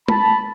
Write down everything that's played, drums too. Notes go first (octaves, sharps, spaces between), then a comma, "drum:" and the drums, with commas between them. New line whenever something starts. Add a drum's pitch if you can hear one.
A5 B5, drum: tom